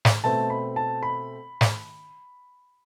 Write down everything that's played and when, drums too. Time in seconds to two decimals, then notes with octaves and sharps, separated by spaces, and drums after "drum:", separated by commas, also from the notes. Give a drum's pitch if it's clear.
0.05 drum: snare
0.24 B2 A3 C4 A5
0.50 B5
0.76 A5
1.03 B5
1.61 drum: snare